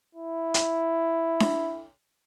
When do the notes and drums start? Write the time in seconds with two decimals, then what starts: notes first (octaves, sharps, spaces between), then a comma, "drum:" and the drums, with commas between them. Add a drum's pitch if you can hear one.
0.15 E4
0.54 drum: hi-hat
1.40 drum: snare D4